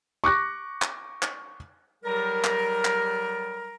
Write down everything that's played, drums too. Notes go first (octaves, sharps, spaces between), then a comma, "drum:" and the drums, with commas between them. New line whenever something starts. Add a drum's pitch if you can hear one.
C#6 D6 F#6 A#6
drum: clap
drum: clap
F#3 G3 G4 A4 A#4
drum: clap
drum: clap